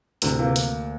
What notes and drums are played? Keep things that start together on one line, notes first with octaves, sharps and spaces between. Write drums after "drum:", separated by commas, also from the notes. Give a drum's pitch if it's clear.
D2 A2 C3, drum: hi-hat
C3 E3 A#3
drum: hi-hat